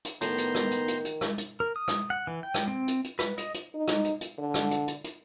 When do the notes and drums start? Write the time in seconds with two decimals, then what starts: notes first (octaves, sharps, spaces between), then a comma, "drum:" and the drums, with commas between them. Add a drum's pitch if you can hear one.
0.05 drum: hi-hat
0.21 A2 D#3 B3 A#5 C6 G6, drum: hi-hat
0.38 drum: hi-hat
0.55 drum: rim click
0.71 drum: hi-hat
0.88 drum: hi-hat
1.05 drum: hi-hat
1.21 drum: rim click
1.38 drum: hi-hat
1.60 A#4
1.76 D#6
1.88 drum: rim click
2.10 F#5
2.27 E3
2.43 G5
2.54 drum: rim click
2.67 C4
2.88 drum: hi-hat
3.04 drum: hi-hat
3.19 B4, drum: rim click
3.38 D#5, drum: hi-hat
3.54 drum: hi-hat
3.75 D#4
3.88 drum: rim click
4.04 drum: hi-hat
4.21 drum: hi-hat
4.39 D3
4.54 drum: rim click
4.71 drum: hi-hat
4.88 drum: hi-hat
5.04 drum: hi-hat